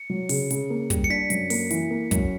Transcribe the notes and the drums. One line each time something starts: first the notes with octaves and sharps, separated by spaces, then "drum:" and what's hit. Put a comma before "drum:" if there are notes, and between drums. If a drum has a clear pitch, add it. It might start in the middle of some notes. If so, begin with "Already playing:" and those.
Already playing: C#7
F#3
C#3, drum: open hi-hat
C#3, drum: hi-hat
A#3
G3, drum: kick, hi-hat
C#7
D4 B6
F#2, drum: hi-hat
A#3, drum: open hi-hat
E3, drum: hi-hat
A#3
F#2, drum: kick, hi-hat